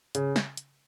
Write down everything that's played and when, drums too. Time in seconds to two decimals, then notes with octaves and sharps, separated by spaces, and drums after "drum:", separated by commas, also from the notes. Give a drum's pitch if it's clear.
0.15 C#3, drum: hi-hat
0.36 drum: snare
0.57 drum: hi-hat